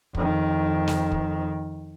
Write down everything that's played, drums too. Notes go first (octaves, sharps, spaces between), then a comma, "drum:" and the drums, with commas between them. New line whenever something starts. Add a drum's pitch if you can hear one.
F2 D#3, drum: kick
drum: snare
drum: kick